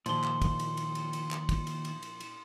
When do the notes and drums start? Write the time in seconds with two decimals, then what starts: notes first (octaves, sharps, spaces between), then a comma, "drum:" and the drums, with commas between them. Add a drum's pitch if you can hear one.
0.06 D#2 A#2 F3 C6 G7, drum: cymbal
0.24 drum: clap
0.42 drum: kick, cymbal
0.59 drum: cymbal
0.77 drum: cymbal
0.95 drum: cymbal
1.13 drum: cymbal
1.31 drum: clap
1.49 drum: kick, cymbal
1.67 drum: cymbal
1.85 drum: cymbal
2.03 drum: cymbal
2.20 drum: cymbal